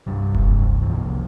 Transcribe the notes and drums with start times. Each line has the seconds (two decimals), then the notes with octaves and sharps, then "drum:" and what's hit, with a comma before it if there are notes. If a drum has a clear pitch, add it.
0.07 C2 G2 G3
0.35 C3, drum: kick F1
0.62 C2
0.83 E3
0.89 C2 F3